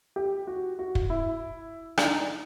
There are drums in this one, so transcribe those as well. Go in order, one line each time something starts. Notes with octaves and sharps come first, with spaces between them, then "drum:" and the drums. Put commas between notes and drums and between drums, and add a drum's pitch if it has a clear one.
G4
F#4
F#4
drum: kick
E4
D4, drum: rim click
D#4